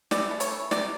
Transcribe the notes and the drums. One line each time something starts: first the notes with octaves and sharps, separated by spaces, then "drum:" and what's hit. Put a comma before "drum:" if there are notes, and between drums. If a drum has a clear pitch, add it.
E3 D5, drum: snare
A3
C#5, drum: hi-hat
E3
C3 D5, drum: snare